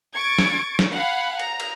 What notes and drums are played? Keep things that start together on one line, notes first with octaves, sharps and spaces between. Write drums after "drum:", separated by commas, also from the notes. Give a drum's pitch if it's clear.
C#6 G#6 A6 D7
drum: snare
drum: snare
F5 F#5 G#5 B5
A#5, drum: cymbal
drum: cymbal